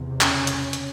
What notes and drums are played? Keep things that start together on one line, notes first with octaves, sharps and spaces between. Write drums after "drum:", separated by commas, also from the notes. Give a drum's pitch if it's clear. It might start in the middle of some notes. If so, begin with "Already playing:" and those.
Already playing: E2 C3
C#3 C#4, drum: clap
drum: hi-hat
drum: hi-hat